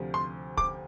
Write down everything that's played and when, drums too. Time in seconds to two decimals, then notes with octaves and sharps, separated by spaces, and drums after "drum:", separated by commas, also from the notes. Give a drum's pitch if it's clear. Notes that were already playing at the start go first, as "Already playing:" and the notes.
Already playing: D2 C3 F3
0.14 C6
0.58 D6, drum: kick